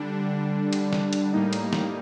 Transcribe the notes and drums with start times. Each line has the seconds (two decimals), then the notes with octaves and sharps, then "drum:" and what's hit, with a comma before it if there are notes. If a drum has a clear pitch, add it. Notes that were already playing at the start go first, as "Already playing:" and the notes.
Already playing: D3 G3 D4
0.73 drum: cymbal
0.93 drum: snare
1.13 drum: cymbal
1.33 A2 G3 A#3 D#4
1.53 drum: cymbal
1.73 drum: snare